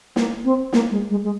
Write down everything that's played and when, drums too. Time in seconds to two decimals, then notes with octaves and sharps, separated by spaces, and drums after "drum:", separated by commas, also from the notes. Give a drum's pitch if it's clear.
0.16 A#3, drum: snare
0.44 C4
0.73 A#3, drum: snare
0.91 G#3
1.10 G#3
1.24 G#3